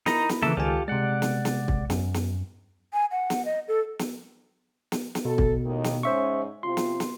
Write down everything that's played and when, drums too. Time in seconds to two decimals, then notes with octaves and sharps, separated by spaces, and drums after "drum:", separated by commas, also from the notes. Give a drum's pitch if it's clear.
0.06 D#4 E4 A#4 A#5 B5, drum: snare
0.29 drum: snare
0.42 C#3 E3 A#3 A4 E5
0.57 C#2 D#3 F4 G4 A4 G#5
0.88 C3 G#3 D5 F#5
1.22 drum: snare
1.45 drum: snare
1.68 drum: kick
1.90 F#2, drum: snare
2.14 drum: snare
2.93 G#5
3.11 F#5
3.30 drum: snare
3.45 D#5
3.68 A4
3.99 drum: snare
4.92 drum: snare
5.15 drum: snare
5.25 B2 A4
5.38 drum: kick
5.65 D#2 A2 D#3
5.84 drum: snare
6.03 G#2 G#3 C#4 C5 E5 C#6
6.63 C3 C4 F4 C6
6.77 drum: snare
7.00 drum: snare